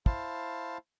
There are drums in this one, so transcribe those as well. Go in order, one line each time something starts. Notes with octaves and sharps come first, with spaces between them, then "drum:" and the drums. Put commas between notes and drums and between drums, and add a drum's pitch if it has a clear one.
E4 C5 F5 A5, drum: kick